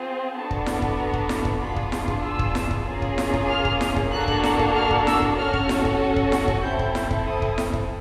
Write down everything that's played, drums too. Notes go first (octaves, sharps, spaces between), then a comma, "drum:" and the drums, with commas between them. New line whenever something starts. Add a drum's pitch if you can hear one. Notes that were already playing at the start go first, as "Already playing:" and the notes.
Already playing: C4 F4 G#4
B3 D4 F#4 A4 A5
drum: kick
drum: snare E4
drum: kick
A#5
drum: kick
drum: snare E4
drum: kick
B3 D4 F4 G#4 B5
drum: kick
drum: snare E4
drum: kick
E6
drum: kick
drum: snare E4
drum: kick
A#3 C#4 F4 G#4
drum: kick
drum: snare E4
drum: kick
F6
drum: kick
drum: snare E4
drum: kick
A#3 D4 F#4 A4 F#6
drum: kick
drum: snare E4
drum: kick
F6
drum: kick
E6, drum: snare E4
drum: kick
C#4 F#4 A4 F6
drum: kick
drum: snare E4
drum: kick
drum: kick
drum: snare E4
drum: kick
C4 E4 A4 G6
drum: kick
drum: snare E4
drum: kick
D#6
drum: kick
drum: snare E4
drum: kick